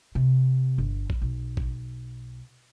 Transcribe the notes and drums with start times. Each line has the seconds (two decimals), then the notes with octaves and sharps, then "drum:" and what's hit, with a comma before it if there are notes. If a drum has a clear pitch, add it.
0.15 C3
0.78 G1
1.10 drum: kick
1.22 B1
1.57 drum: kick